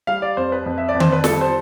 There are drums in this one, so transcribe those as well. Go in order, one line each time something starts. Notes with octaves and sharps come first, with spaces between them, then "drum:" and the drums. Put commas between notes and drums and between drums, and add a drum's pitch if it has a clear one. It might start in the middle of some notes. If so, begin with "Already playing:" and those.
G3 F5
D5
F2 C5
B4
F2
E5
D5
F2
C5, drum: tom D#3
B4
G3 A4, drum: snare
C5